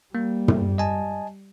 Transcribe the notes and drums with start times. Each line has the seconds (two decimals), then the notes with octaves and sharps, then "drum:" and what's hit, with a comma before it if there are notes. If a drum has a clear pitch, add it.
0.15 G3 A#3
0.48 drum: tom
0.78 D#5 G#5 A5